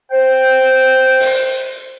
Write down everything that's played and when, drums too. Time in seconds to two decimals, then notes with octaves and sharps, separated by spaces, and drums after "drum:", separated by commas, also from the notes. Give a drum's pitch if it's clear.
0.12 C5 G5
1.20 drum: open hi-hat